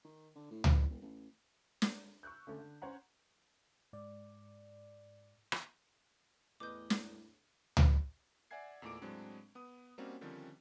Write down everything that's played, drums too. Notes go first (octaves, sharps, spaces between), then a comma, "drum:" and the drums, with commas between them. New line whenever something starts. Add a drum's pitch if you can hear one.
D#3
D3
A2
E2, drum: tom C#2
E1
A1
drum: snare
C#6 E6 F#6 G6
D3 A3 C#4
D3
C#4 C5 C#5 F#5 A#5
G#2 D5
drum: rim click
E2 A2 B4 D#5 D6 G6
drum: snare
drum: tom C#2
D5 E5 F#5 G#5 G#6 C7
E2 A#2 A3 D#4 D6 D7
A2 F#3 G#3 C4 D4
B3 D#6
G3 A#3 C4 C#4 D#4 F#4
D3 D#3 F3 G3 C4 C#4